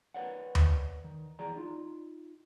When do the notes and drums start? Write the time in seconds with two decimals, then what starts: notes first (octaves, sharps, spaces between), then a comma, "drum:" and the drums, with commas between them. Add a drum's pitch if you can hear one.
0.14 A#4 B4 C#5 D5 F#5
0.55 drum: tom D#2
1.04 D#3
1.39 F2 E3 G#4 D5 A#5
1.56 D#4 F4